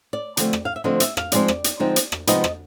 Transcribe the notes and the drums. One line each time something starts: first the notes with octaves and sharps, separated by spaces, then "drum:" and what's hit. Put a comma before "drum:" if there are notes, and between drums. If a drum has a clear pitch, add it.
D5
D3 F3 A3 C4, drum: hi-hat
drum: rim click
F5
E5
D3 F3 A3 C4 D#5
E5, drum: hi-hat
F5, drum: rim click
D3 F3 G#3 C4 D#4 D5, drum: hi-hat
drum: rim click
drum: hi-hat
D3 F3 G#3 C4 D#4
drum: hi-hat
drum: rim click
C3 F3 G#3 B3 D#4 D#5, drum: hi-hat
drum: rim click